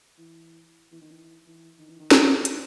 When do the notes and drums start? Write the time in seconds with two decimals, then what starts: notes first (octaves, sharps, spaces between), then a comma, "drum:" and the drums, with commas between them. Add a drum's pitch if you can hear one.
0.18 E3
0.92 E3
1.01 D#3
1.11 E3
1.47 E3
1.79 D#3
1.89 E3
2.00 D#3
2.11 E2, drum: snare
2.32 F#2
2.45 drum: hi-hat